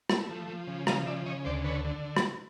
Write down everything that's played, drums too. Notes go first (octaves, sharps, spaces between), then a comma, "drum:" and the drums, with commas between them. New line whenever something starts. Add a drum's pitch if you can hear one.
A3, drum: rim click
F3
F3
C#3
F3 D#5 F5, drum: rim click
C#3 D5 E5
C#3 C#5 D#5
D2 C5 D5
D3 B4 C#5
D3
drum: rim click